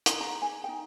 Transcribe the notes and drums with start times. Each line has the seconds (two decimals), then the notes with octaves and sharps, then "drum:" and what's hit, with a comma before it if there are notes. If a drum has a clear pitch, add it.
0.06 drum: hi-hat
0.20 D#4 G#4 A#5
0.42 G#5
0.63 G#4 G5
0.68 D#4